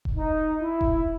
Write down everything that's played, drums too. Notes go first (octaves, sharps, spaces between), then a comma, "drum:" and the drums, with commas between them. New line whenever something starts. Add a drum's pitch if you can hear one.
drum: kick E1
D#4
E4
drum: kick E1